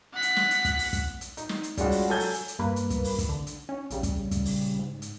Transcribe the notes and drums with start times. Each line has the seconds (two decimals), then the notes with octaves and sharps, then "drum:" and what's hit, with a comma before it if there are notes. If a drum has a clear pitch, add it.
0.13 F#5 B6
0.22 drum: hi-hat
0.36 drum: snare
0.51 drum: hi-hat
0.65 drum: kick, hi-hat
0.79 drum: open hi-hat
0.93 drum: kick, hi-hat
1.21 drum: hi-hat
1.37 D#4, drum: hi-hat
1.49 drum: snare
1.63 drum: hi-hat
1.77 G3 G#3 C#4 F4 F#4 G#4, drum: kick, hi-hat
1.92 drum: open hi-hat
2.09 F#3 A4 G#5 G6 G#6 G7
2.20 drum: open hi-hat
2.34 drum: hi-hat
2.48 drum: hi-hat
2.59 G2 A#3 B4
2.76 drum: hi-hat
2.90 drum: kick, hi-hat
3.04 drum: open hi-hat
3.18 drum: kick, hi-hat
3.29 D3
3.47 drum: hi-hat
3.69 C#4
3.90 A#1 C#3 G3, drum: hi-hat
4.03 drum: kick, hi-hat
4.31 drum: kick, hi-hat
4.45 drum: open hi-hat
4.79 G#2
5.02 drum: hi-hat